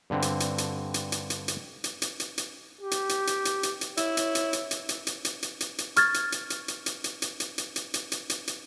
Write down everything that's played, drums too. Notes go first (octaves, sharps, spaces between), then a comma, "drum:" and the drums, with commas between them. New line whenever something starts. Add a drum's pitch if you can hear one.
G2 D3 C4
drum: hi-hat
drum: hi-hat
drum: hi-hat
drum: hi-hat
drum: hi-hat
drum: hi-hat
drum: hi-hat
drum: hi-hat
drum: hi-hat
drum: hi-hat
drum: hi-hat
G4
drum: hi-hat
drum: hi-hat
drum: hi-hat
drum: hi-hat
drum: hi-hat
drum: hi-hat
E4 C#5, drum: hi-hat
drum: hi-hat
drum: hi-hat
drum: hi-hat
drum: hi-hat
drum: hi-hat
drum: hi-hat
drum: hi-hat
drum: hi-hat
drum: hi-hat
drum: hi-hat
C#6 F6 G#6 A6, drum: hi-hat
drum: hi-hat
drum: hi-hat
drum: hi-hat
drum: hi-hat
drum: hi-hat
drum: hi-hat
drum: hi-hat
drum: hi-hat
drum: hi-hat
drum: hi-hat
drum: hi-hat
drum: hi-hat
drum: hi-hat
drum: hi-hat